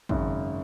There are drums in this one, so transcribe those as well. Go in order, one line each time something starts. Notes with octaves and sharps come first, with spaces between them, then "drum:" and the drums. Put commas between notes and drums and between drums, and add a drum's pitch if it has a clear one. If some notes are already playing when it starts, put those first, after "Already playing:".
G#1 F#2 C#3, drum: kick